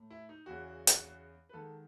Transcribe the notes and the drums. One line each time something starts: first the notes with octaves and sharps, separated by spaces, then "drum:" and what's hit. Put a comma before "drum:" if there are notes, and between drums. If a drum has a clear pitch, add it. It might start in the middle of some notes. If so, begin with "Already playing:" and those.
Already playing: A2
E4
D#4
E2 C#3 E3 F#4
drum: hi-hat
B4
G#2 D#3 A4